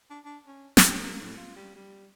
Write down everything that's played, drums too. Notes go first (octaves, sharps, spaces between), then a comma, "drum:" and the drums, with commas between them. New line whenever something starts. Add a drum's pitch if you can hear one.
D4
D4
C#4
G4, drum: snare
A#3
A2
F4
G3
G3